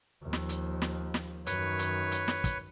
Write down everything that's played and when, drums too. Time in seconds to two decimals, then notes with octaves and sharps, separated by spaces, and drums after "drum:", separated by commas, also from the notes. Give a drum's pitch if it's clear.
0.24 D#2 F3
0.33 drum: snare
0.49 drum: hi-hat
0.82 drum: snare
1.14 drum: snare
1.46 F#2 D#3 B4 C#5, drum: hi-hat
1.79 drum: hi-hat
2.11 drum: hi-hat
2.28 drum: snare
2.44 drum: kick, hi-hat